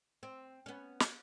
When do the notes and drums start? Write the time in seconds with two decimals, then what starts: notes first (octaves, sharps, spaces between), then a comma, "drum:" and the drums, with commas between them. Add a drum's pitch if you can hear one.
0.23 C4
0.66 B3 C#4
1.00 drum: snare